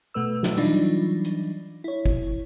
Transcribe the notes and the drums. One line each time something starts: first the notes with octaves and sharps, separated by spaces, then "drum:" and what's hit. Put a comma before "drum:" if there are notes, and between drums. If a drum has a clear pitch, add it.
B2 A3 B4 E6
drum: snare
E3 F#3 G3 D4 D#4 F4
drum: hi-hat
E4 C#5
drum: kick